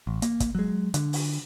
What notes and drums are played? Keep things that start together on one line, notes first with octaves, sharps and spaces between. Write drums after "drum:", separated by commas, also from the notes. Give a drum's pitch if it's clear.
A1
A#3, drum: hi-hat
drum: kick, hi-hat
F#3 G#3
D3, drum: hi-hat
drum: open hi-hat